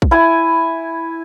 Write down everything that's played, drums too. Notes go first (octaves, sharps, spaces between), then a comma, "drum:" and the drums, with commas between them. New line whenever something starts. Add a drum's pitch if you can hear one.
drum: kick A#1
E4 G#5